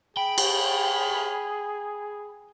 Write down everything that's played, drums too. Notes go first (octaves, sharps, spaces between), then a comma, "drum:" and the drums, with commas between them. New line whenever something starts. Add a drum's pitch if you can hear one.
G#4 G5 B5
drum: cymbal